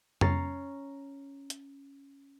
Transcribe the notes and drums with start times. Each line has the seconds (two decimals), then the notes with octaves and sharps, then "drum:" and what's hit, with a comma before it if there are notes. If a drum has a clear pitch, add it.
0.21 C#4 A#5 A6 C7, drum: tom F2
1.50 drum: hi-hat